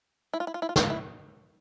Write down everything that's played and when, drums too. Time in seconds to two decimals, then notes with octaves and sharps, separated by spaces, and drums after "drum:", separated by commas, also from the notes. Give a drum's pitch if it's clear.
0.33 E4
0.40 F4
0.47 E4
0.54 F4
0.62 E4
0.69 F4
0.76 E4, drum: snare
0.84 F4
0.90 E4